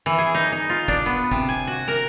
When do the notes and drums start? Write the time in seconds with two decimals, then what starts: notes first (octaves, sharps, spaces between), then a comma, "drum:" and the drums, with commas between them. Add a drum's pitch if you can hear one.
0.06 E3
0.18 G#4
0.35 D#4
0.52 D#4
0.69 F4
0.88 D4, drum: kick F1
1.06 B3
1.31 C3, drum: kick F1
1.49 G#5
1.67 F#4
1.88 A#4